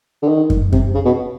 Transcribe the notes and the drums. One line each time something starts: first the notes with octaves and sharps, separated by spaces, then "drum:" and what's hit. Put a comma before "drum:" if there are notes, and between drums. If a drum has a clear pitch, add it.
D3
D#3
drum: kick
C3, drum: kick
C#3
B2